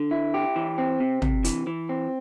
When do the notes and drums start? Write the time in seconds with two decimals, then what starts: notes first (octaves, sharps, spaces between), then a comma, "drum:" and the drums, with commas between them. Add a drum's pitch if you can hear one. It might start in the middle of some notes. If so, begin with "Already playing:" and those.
Already playing: D3
0.11 E4
0.34 G4
0.56 E3
0.78 C4
1.00 C3
1.22 C3, drum: tom
1.44 E3, drum: hi-hat
1.67 E3
1.89 C4